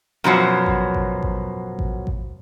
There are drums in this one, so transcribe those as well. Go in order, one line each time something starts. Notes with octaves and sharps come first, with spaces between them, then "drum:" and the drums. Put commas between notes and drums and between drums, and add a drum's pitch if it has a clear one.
F#2 B2 F3 F#3
drum: kick A1
drum: kick A1
drum: kick A1
drum: kick A1
drum: kick A1